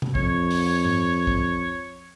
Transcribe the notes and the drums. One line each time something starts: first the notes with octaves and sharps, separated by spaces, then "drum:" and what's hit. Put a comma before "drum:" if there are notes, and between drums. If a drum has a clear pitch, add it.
drum: tom C3
F2 C#5, drum: kick
drum: open hi-hat
drum: tom G2
drum: kick